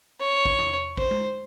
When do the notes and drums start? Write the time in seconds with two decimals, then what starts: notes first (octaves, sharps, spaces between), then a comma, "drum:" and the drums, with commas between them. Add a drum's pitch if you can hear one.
0.20 C#5
0.45 drum: kick
0.59 drum: tom
0.97 C5, drum: kick
1.11 drum: tom G#3